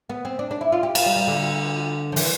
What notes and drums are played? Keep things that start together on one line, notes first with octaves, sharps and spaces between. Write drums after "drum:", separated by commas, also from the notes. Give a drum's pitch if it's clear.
B3
C4
D4
D4
E4
F4
G4
F4, drum: cymbal
G3
G3
D3
F3
E3, drum: open hi-hat